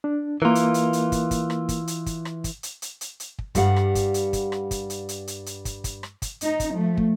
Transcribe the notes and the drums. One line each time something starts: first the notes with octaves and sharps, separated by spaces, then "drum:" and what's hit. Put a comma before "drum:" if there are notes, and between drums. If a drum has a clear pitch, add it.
D4
E3 A#3 F4 A#4
drum: hi-hat
drum: hi-hat
drum: hi-hat
drum: kick, hi-hat
drum: kick, hi-hat
drum: rim click
drum: kick, hi-hat
drum: hi-hat
drum: kick, hi-hat
drum: rim click
drum: kick, hi-hat
drum: hi-hat
drum: hi-hat
drum: hi-hat
drum: hi-hat
drum: kick
G2 G3 F5 F#5, drum: kick, hi-hat
drum: rim click
drum: kick, hi-hat
drum: hi-hat
drum: kick, hi-hat
drum: rim click
drum: kick, hi-hat
drum: hi-hat
drum: hi-hat
drum: hi-hat
drum: hi-hat
drum: kick, hi-hat
drum: kick, hi-hat
drum: rim click
drum: kick, hi-hat
D#4, drum: hi-hat
drum: kick, hi-hat
F3 A3
drum: kick